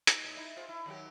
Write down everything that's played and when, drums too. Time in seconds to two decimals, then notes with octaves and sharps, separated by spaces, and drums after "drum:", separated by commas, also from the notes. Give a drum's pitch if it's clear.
0.07 D#4, drum: hi-hat
0.25 A2
0.37 D#4 E4
0.57 F4 G#4 C5
0.69 E4
0.86 D#2 F#3 G4